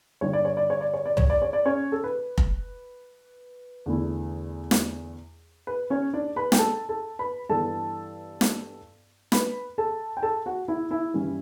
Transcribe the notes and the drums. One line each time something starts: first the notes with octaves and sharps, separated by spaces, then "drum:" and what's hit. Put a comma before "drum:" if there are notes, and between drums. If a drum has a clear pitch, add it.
G2 D3 G3 C#5
D5
C#5
D5
C#5
D5
C#5
D5
C#5, drum: tom
D5
C#5
D5
C#4 C#5
A4
B4
drum: kick F1
E2 D3 A3 E4
drum: snare
B4
C#4 C#5
D4 D5
B4 B5
G5, drum: snare
A4 A5
A4 A5
B4 B5
G2 E3 B3 A4 A5
drum: snare
B4 B5, drum: snare
A4 A5
G5
A4 A5
F#4 F#5
E4 E5
E4 E5
G2 E3 G3 C#4 E4